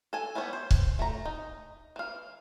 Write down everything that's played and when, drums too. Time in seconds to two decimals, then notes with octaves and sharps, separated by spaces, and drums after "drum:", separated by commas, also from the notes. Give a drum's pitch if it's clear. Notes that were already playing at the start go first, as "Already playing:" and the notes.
0.13 A4 G#5
0.35 E3 G3 B3 C#5
0.53 C5
0.71 drum: kick C#1
0.99 A3 A#5
1.25 D#4
1.96 E3 F5